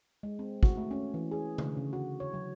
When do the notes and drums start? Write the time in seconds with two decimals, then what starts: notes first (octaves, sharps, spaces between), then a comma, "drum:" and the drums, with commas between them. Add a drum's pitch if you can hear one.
0.23 G#3
0.39 C4
0.63 F#4, drum: kick
0.77 A3
0.91 C#4
1.14 E3
1.31 G#4
1.58 D3, drum: tom C3
1.77 C#3
1.93 F#4
2.20 C#5
2.34 F#3